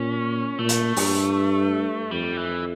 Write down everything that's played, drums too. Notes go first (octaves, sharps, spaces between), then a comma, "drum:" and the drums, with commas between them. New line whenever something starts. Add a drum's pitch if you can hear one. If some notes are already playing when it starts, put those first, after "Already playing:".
Already playing: A#2 C#4
A#2 A3
drum: hi-hat
G2, drum: open hi-hat
F2 G3
E3